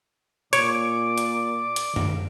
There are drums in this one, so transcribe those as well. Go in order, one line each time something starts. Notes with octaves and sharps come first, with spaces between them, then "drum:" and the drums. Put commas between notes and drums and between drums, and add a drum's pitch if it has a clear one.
A#2 C#5 D5 D7, drum: hi-hat
drum: hi-hat
drum: hi-hat
drum: tom F#2